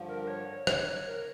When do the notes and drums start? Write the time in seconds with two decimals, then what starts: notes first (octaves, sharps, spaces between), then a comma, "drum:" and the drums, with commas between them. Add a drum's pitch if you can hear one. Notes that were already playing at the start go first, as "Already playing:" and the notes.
Already playing: G2 D3 F3
0.08 A#4
0.22 A#4
0.27 C#5
0.67 C#5, drum: rim click
0.86 C#5
1.06 A#4